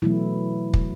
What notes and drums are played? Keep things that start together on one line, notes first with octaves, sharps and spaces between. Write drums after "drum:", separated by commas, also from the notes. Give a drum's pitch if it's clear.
B2 E3 F#3 A3 E4
drum: kick